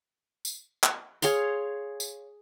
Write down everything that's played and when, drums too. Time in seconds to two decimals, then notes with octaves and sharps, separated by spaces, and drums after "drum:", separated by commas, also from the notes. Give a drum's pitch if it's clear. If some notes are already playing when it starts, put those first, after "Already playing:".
0.45 drum: tambourine
0.84 drum: clap
1.22 G#4 C#5 F5 C6, drum: tambourine
2.00 drum: tambourine